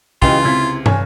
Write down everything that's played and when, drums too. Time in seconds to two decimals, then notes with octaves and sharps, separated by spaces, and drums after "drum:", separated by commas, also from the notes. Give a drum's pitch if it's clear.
0.22 C#2 C#3 E3 F4 G4 D#5 G5, drum: kick
0.45 C#2 C3 E4 G#6 B6
0.86 F1 C#5 G#5, drum: tom